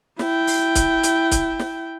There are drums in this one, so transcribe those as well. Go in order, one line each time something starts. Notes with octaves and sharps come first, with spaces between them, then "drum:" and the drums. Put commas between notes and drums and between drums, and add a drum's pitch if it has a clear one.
E4 G5, drum: snare
drum: open hi-hat
drum: kick C#1, hi-hat
drum: hi-hat
drum: kick C#1, hi-hat
drum: snare